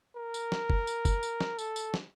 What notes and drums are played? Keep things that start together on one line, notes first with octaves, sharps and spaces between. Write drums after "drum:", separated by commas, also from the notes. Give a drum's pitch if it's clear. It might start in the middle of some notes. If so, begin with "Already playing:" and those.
A#4
drum: tambourine
drum: snare
drum: kick F#1
drum: tambourine
drum: kick F#1, tambourine
drum: tambourine
drum: snare
A4, drum: tambourine
drum: tambourine
drum: snare